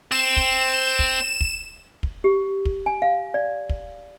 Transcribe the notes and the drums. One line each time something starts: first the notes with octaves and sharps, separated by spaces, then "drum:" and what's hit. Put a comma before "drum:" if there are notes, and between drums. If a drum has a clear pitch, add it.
C4 E7
drum: kick
drum: kick
drum: kick
drum: kick
G4
drum: kick
G#5
F5
D5
drum: kick